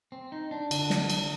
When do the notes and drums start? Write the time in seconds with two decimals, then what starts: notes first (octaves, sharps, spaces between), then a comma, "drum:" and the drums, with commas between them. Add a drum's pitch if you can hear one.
0.12 C4
0.32 D#4
0.51 D4
0.71 D3, drum: cymbal
0.90 drum: snare
1.10 drum: cymbal